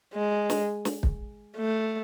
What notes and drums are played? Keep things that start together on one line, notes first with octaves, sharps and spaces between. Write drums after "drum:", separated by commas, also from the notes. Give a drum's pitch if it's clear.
G#3
drum: snare
drum: snare
drum: kick
A3